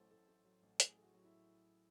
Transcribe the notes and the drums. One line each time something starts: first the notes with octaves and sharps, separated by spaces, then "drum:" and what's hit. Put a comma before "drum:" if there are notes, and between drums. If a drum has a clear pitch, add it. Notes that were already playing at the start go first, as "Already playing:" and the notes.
Already playing: A1 A2 F#3 A3 A4 C5
A2 A4
A3
F#3
A1
A2 G#4, drum: hi-hat
A3
F#4
F#3 F#4
E4